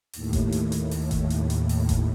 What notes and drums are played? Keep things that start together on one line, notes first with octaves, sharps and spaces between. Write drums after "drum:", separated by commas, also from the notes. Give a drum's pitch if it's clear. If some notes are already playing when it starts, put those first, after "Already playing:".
D#2 A2, drum: open hi-hat
drum: kick G1, hi-hat
drum: hi-hat
drum: hi-hat
drum: open hi-hat
drum: kick G1, hi-hat
drum: hi-hat
drum: hi-hat
drum: open hi-hat
drum: kick G1, hi-hat